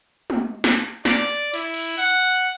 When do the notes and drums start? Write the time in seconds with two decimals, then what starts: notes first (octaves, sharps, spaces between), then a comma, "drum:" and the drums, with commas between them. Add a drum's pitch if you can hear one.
0.30 drum: tom G#3
0.64 drum: snare
1.05 D5, drum: snare
1.54 E4, drum: open hi-hat
1.74 drum: cymbal
1.98 F#5